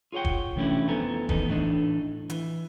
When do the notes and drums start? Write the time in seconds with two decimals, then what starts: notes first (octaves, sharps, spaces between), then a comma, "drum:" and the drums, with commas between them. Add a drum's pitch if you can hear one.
0.12 F4 G#4 C#5 F#5 G5
0.25 drum: kick
0.56 C3 E3 A3 C#4 D4 E4
0.88 F2 B3 A4 C5 G#5 A#5
1.29 E2 D#3 B3 D#4 A4, drum: kick
1.47 A2 E3 A3 D4 D#4
2.30 E3, drum: hi-hat